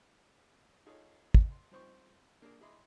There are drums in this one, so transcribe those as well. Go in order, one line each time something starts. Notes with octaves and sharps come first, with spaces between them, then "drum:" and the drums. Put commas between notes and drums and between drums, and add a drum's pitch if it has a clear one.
D#4 F4 G#4 A4 C#5 D#5
drum: kick
C6
G2 F3 C4 D#4 C5 C#6
A#3 D4 G#4
E4 G#4 D#5 B5 C6 D6